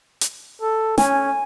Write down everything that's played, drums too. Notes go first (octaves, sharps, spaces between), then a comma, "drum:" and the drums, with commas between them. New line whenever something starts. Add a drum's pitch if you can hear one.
drum: hi-hat
A4
C#4 G#5, drum: snare